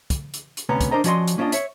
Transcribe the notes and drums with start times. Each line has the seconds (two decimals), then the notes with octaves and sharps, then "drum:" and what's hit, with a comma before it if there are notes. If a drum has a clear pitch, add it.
0.10 drum: kick, hi-hat
0.34 drum: hi-hat
0.57 drum: hi-hat
0.69 D2 C3 B3 C#4 A#5
0.81 drum: kick, hi-hat
0.91 D4 A#4 C5 D#5 A#5
1.04 F3 C#4 F#4 D5 D#5 C6, drum: hi-hat
1.27 drum: hi-hat
1.38 A#3 C#4 D4 F4 D#5
1.52 C#5 E5, drum: hi-hat